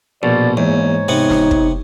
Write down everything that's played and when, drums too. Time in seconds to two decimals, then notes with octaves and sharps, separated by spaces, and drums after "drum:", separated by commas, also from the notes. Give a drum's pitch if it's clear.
0.23 A#1 B2 D5
0.57 E2 G#2 A#3 C#5
1.08 C3 B3 D#4 F#5
1.30 drum: snare
1.51 drum: kick